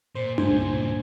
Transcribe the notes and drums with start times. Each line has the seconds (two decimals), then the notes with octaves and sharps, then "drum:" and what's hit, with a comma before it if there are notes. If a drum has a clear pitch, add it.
0.15 A#2 C5
0.38 C#2 G2 A#2 C5 G#5, drum: tom D4